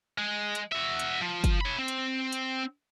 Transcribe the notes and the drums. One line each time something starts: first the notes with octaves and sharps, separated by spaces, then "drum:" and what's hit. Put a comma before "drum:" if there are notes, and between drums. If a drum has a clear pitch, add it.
G#3
drum: hi-hat
F#4 E5
drum: hi-hat
F3
drum: kick F#1, hi-hat
C#5 B5
C4
drum: hi-hat
drum: hi-hat